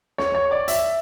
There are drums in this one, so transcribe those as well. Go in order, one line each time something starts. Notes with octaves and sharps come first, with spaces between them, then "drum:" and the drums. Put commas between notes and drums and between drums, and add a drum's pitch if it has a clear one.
C#5, drum: snare
C#5
D5
E5, drum: hi-hat